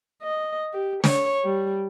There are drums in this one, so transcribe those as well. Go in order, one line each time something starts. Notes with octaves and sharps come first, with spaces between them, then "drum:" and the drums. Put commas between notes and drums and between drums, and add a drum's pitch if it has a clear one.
D#5
G4
C#5, drum: snare
G3